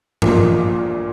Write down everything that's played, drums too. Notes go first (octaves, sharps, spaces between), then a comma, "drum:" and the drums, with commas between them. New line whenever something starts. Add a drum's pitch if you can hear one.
A#1 A#2 F3 A#3 F4, drum: tom G2